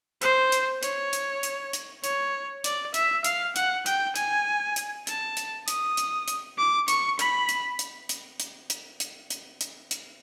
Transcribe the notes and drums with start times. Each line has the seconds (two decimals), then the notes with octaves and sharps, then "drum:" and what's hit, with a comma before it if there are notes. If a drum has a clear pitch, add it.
0.22 C5, drum: hi-hat
0.52 drum: hi-hat
0.83 C#5, drum: hi-hat
1.13 drum: hi-hat
1.43 drum: hi-hat
1.73 drum: hi-hat
2.04 C#5, drum: hi-hat
2.64 D5, drum: hi-hat
2.94 E5, drum: hi-hat
3.24 F5, drum: hi-hat
3.56 F#5, drum: hi-hat
3.86 G5, drum: hi-hat
4.16 G#5, drum: hi-hat
4.76 drum: hi-hat
5.07 A5, drum: hi-hat
5.37 drum: hi-hat
5.68 D#6, drum: hi-hat
5.97 drum: hi-hat
6.28 drum: hi-hat
6.58 D6
6.88 C#6, drum: hi-hat
7.19 B5, drum: hi-hat
7.49 drum: hi-hat
7.79 drum: hi-hat
8.09 drum: hi-hat
8.40 drum: hi-hat
8.70 drum: hi-hat
9.00 drum: hi-hat
9.30 drum: hi-hat
9.61 drum: hi-hat
9.91 drum: hi-hat